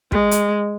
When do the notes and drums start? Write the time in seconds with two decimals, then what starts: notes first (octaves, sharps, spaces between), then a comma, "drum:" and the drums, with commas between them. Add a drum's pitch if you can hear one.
0.12 G#3, drum: kick
0.31 drum: hi-hat